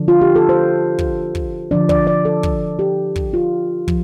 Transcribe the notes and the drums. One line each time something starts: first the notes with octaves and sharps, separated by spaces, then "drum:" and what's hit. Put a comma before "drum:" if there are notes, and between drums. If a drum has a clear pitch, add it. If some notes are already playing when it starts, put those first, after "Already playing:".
Already playing: D3 F3 D4
F4
G4
A4
C5
drum: kick
drum: kick
D3 F3 D4 D5
D5, drum: kick
D5
A4
drum: kick
G4
drum: kick
F4
F3, drum: kick